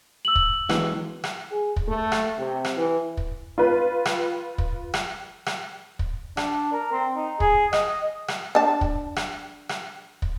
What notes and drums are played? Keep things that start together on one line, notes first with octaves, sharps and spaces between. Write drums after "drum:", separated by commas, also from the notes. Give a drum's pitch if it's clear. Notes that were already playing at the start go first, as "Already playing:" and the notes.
E6 F#7
drum: kick
E3 G#3, drum: rim click
drum: rim click
G#4
drum: kick
A3
drum: rim click
C3
drum: rim click
E3
drum: kick
F4 B4
drum: rim click
drum: kick
drum: rim click
drum: rim click
drum: kick
D4, drum: rim click
A#4
C4
D#4
G#4, drum: kick
D#5, drum: rim click
drum: rim click
D4 A5
drum: kick
drum: rim click
drum: rim click
drum: kick